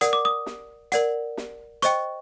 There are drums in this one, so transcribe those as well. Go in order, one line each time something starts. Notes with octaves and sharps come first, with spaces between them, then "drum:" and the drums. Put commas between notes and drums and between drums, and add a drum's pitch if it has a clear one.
A#4 D5 F#5 D#6, drum: hi-hat
D6
D#6
drum: snare
A#4 D5 F#5, drum: hi-hat
drum: snare
C5 D#5 G5 C#6, drum: hi-hat